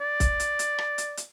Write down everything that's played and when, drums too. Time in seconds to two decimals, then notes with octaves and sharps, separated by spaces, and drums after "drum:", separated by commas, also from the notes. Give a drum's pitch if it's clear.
0.01 D5
0.20 drum: kick, hi-hat
0.40 drum: hi-hat
0.59 drum: hi-hat
0.78 drum: rim click
0.98 drum: hi-hat
1.17 drum: hi-hat